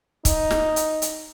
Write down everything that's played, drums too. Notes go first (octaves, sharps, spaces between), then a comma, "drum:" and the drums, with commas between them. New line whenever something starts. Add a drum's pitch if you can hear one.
D#4, drum: kick, hi-hat
drum: snare
drum: hi-hat
drum: hi-hat